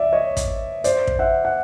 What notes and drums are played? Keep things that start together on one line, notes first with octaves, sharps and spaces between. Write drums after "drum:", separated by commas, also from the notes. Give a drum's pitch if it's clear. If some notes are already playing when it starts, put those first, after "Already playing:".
Already playing: D5 E5
C#5 D#5
drum: kick, hi-hat
C5 D5, drum: hi-hat
drum: kick
E5 F#5
F#5